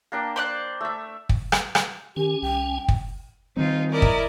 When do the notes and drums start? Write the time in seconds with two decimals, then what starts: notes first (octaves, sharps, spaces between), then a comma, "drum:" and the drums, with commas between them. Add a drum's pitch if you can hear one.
0.12 A#3 D4 G5
0.36 C5 D5 F#6
0.81 A3 E5
1.29 drum: kick
1.52 drum: rim click
1.75 drum: rim click
2.16 D#3 C#4 G4 G#5
2.42 C2 G5
2.88 drum: kick
3.57 D#3 G3 C4 D#4 F4
3.91 E4 A#4 D5 D#5 A#5
4.02 drum: kick